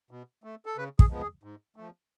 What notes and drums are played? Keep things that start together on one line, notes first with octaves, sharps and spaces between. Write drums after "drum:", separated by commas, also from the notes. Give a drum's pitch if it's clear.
B2
A3
A4
C#3 B4
G#4, drum: kick
F3 G#3 B3
G#4
G#2
F3 A3